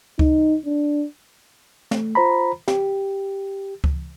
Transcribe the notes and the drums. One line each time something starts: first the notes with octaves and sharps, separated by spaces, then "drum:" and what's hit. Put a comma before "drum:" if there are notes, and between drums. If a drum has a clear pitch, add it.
D#4, drum: kick C#2
D4
A3, drum: snare
F4 C5 A#5 B5
G4, drum: snare
drum: kick C#2